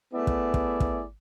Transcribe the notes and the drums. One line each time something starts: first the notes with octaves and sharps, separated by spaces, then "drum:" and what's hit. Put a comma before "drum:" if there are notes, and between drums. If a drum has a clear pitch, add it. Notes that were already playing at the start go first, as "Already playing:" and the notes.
A3 B3 E4 G#4 D5
drum: kick
drum: kick
drum: kick